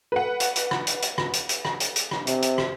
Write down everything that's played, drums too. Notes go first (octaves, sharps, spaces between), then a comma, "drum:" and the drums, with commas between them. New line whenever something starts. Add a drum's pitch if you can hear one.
B4 F#5
drum: hi-hat
drum: hi-hat
drum: rim click
drum: hi-hat
drum: hi-hat
drum: rim click
drum: hi-hat
drum: hi-hat
drum: rim click
drum: hi-hat
drum: hi-hat
drum: rim click
C3, drum: hi-hat
drum: hi-hat
drum: rim click